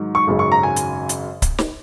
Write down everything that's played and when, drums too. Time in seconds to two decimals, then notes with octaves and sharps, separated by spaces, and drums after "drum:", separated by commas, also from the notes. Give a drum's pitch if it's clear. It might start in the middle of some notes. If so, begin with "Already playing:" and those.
Already playing: G#2 D#3 F#3
0.15 C#6
0.27 G#1 F#2 C#3 G#3
0.39 C#6
0.52 A#5
0.63 G#5
0.76 drum: hi-hat
1.09 drum: hi-hat
1.42 drum: kick C#1, hi-hat
1.58 drum: snare